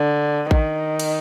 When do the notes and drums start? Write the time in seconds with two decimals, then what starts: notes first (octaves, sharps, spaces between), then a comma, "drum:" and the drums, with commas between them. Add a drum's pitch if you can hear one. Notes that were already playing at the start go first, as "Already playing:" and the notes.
Already playing: D3
0.51 D#3, drum: kick A1
0.99 drum: cymbal